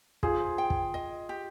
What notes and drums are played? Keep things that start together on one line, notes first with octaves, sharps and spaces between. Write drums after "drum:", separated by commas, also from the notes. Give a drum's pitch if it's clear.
F4 G#4 C5, drum: kick
G5
drum: kick
D#5
G4